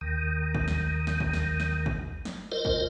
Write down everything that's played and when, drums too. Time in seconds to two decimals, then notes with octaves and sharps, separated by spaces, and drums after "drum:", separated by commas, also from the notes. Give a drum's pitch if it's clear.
0.01 D#2 D#3
0.55 drum: kick
0.68 drum: snare
1.07 drum: snare
1.20 drum: kick
1.33 drum: snare
1.60 drum: snare
1.86 drum: kick
2.25 drum: snare
2.52 F4 A#4 C5 D#5
2.65 drum: kick